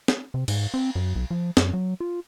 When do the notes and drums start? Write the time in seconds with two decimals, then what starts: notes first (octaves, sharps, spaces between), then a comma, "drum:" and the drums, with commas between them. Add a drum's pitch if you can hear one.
0.08 drum: snare
0.34 C3
0.48 G#2, drum: cymbal
0.74 C4
0.95 F#2
1.16 B1
1.31 F3
1.57 F#2, drum: snare
1.73 F#3
2.00 F4